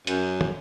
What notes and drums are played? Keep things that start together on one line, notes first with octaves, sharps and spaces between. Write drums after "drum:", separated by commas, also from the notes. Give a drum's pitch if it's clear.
F#2, drum: hi-hat
drum: tom